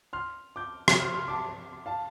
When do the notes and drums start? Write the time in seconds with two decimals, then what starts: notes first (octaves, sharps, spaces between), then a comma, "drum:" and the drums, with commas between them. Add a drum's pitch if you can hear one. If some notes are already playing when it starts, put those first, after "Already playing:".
0.13 C6 F6
0.56 D6 G6
0.88 drum: rim click
1.00 C6 F6
1.14 C6 F6
1.28 A5 D6
1.86 F5 A5